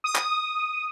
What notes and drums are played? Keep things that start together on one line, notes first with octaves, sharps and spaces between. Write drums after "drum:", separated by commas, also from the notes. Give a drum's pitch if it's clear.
D#6
drum: clap